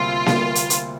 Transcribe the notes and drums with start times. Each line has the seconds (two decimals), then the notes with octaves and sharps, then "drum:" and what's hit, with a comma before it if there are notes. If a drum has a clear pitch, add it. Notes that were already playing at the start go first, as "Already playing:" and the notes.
Already playing: D2 C3 G3 A#3 F4
0.26 D2 C3 G3 A#3, drum: snare A#3
0.55 drum: hi-hat
0.70 drum: hi-hat